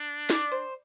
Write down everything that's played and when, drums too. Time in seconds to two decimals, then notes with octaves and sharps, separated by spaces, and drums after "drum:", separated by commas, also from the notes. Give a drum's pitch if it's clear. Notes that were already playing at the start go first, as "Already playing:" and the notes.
Already playing: D4
0.30 D5, drum: snare
0.52 C5